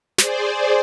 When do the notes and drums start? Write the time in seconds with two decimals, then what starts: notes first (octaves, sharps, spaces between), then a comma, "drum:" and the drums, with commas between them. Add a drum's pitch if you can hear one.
0.18 G#4 C5 D5, drum: snare